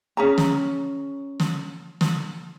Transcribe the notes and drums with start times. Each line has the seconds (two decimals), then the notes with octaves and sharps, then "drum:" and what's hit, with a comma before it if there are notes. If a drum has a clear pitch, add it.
0.17 C#4 G#4 A#5
0.38 drum: snare
1.40 drum: snare
2.01 drum: snare